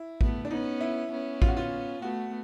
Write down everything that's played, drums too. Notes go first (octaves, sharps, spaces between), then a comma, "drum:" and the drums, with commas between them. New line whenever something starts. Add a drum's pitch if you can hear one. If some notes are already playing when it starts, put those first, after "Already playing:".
Already playing: E4
A3 B3, drum: kick A1
D4
B3 C#4 D#4
E4
B3 C#4
F4, drum: kick A1
F#4
F4
A3 B3 F#4